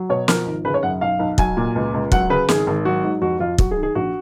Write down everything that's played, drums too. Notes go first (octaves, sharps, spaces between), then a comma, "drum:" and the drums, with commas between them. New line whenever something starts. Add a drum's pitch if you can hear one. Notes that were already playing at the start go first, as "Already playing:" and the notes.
Already playing: F#3
B2 C#5
F3 A#4, drum: snare
G#1
C#3 B4
C#5
F#2 F#5
B1 F5
B1
F#3 G#5, drum: kick
A#2
C#2
C#2
F#3 F#5, drum: kick
C#3 B4
G#1 G#4, drum: snare
G#1
F#3 F#4
G#2
F2 F#4
F2 F4
F#3 F#4, drum: kick
G#4
D#3
G#4
A#1 F#4